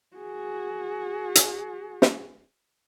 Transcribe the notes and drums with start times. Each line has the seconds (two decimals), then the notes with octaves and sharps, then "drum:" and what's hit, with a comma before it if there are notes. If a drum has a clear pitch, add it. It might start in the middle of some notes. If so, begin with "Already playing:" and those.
0.16 F#4 G#4
1.35 drum: hi-hat
2.02 drum: snare